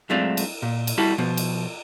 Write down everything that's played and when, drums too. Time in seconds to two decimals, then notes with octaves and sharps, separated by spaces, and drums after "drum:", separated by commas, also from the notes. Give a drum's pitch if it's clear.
0.10 F#3 G#3 A3 C4 D4 F4
0.37 drum: cymbal
0.62 A#2
0.87 drum: cymbal
0.98 G3 E4 F#4 A4
1.18 B2 F3
1.37 drum: cymbal